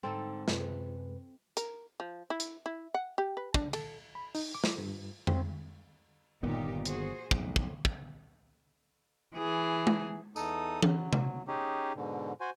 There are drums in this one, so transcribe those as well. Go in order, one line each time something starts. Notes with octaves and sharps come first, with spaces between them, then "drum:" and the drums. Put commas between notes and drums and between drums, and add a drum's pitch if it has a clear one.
G#2 D3 C4 D#4 A4
F#2 C3 G#3 B4, drum: snare
A#4, drum: hi-hat
F3
E4
drum: hi-hat
E4
F#5
G4
B4
D4, drum: kick
A4, drum: cymbal
B5
D#4, drum: open hi-hat
D6
drum: snare
G2
C4, drum: tom F2
G1 A#2 D#3 B3 D#4 G4
F#4 G#4 C5, drum: hi-hat
B1 F2 A2, drum: kick
drum: kick
drum: kick
E3 G#4
drum: tom G#3
E2 D#4 A4 D#6, drum: tambourine
F#3, drum: tom E3
drum: tom C3
C#4 D#4 G4 G#4
G#2 B2 D3
F#4 C5 G#5